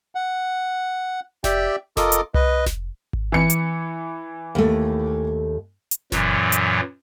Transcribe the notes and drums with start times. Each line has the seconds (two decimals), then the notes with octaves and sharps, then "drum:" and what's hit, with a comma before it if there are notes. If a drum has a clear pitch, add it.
0.15 F#5
1.44 G4 D5 E5 G5, drum: snare F1
1.97 F4 A4 A#4 D#5 D6 D#6, drum: snare F1
2.12 drum: hi-hat
2.34 B4 D#5, drum: tom C2
2.66 drum: snare F1
3.13 drum: kick G#1
3.32 E3 C#7
3.50 drum: hi-hat
4.55 D#2 A3
5.91 drum: hi-hat
6.12 F#2 A#2 E3 F#3, drum: snare F1
6.52 drum: hi-hat